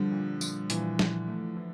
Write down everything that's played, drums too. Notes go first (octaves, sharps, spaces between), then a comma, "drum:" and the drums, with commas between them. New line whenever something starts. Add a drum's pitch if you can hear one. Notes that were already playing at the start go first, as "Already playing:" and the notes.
Already playing: D3 F3 G3
A#2
F3, drum: tambourine
A#2 E3, drum: hi-hat
F3, drum: snare
A3
E3